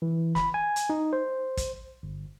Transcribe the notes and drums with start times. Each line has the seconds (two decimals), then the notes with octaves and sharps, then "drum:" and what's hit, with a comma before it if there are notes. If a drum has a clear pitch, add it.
0.02 E3
0.35 B5, drum: snare
0.54 G#5
0.76 drum: hi-hat
0.90 D#4
1.13 C5
1.57 drum: kick, hi-hat
2.03 G1